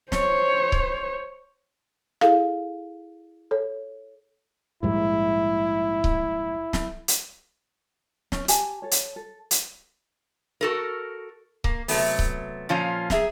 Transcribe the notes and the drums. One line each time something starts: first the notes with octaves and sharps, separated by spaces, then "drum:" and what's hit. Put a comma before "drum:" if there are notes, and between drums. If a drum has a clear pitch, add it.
C5 C#5, drum: snare
drum: kick C#1
E4 G#4 A4 F5, drum: rim click
A4 C#5
A#1 G#2 G3 E4
drum: kick C#1
drum: snare
drum: hi-hat
C#4, drum: snare
G4 G#5 A5, drum: hi-hat
A4 C#5
drum: hi-hat
A4
drum: hi-hat
F#4 A4 A#4
A#3, drum: kick C#1
C3 F#3 A3 B3, drum: open hi-hat
drum: kick C#1
A#2 F3 C#4 F4
G#4 E5 A#5, drum: snare